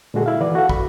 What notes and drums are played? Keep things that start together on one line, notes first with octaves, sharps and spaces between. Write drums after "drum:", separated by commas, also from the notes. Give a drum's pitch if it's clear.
A#2 D3 G#3 F#4 G#4 A4
E4 F5
D#3 E3 F#4 B4 D5
F#4 A4 F5 F#5
B5, drum: kick